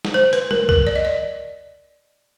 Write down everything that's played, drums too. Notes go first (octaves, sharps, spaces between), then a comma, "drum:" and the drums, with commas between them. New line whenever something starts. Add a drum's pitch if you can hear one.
drum: snare
C5
B4, drum: hi-hat
A#4, drum: tom F#3
A#4, drum: kick C2
D5
D#5
D5